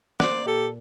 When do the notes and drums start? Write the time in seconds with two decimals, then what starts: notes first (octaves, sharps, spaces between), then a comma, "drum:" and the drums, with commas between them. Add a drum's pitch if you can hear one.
0.20 A#3 C5 D5, drum: rim click
0.44 A#2 G4 A4